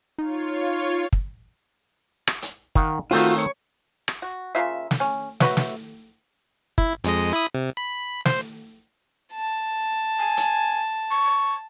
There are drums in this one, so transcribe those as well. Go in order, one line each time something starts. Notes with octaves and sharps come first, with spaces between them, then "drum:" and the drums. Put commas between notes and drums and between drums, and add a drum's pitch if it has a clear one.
D#4 F4 C#5
drum: kick
drum: rim click
drum: hi-hat
D#3 F5 F#5, drum: kick
D#3 A3 C4 F4 F#4, drum: open hi-hat
C#5 C#6
drum: rim click
F#4
C#3 A#3 F4 E5
drum: snare
C#4
F#4 B4 C#5 E5, drum: snare
drum: snare
E4, drum: kick
F2 G#3 D#5, drum: hi-hat
E4 B5 D#6
C3
B5
C5, drum: snare
A5
G#5
drum: hi-hat
C#6